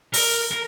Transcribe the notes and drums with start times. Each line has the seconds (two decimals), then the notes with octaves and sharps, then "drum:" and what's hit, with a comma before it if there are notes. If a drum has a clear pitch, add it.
0.14 A#4, drum: open hi-hat
0.52 A#4